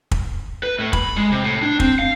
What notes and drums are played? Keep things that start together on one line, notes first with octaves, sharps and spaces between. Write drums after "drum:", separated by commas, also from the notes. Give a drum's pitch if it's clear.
drum: kick
B4
A2
B5, drum: kick
G#3
C3
A2
D4
C4, drum: kick
F5